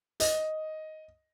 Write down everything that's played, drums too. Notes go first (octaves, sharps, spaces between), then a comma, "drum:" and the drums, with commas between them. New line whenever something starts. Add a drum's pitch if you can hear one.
D#5, drum: hi-hat